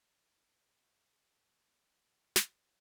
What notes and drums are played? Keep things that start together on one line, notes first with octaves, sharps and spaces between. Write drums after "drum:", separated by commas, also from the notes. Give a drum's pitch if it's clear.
E4
D#5
G#4
F#4
C#5, drum: snare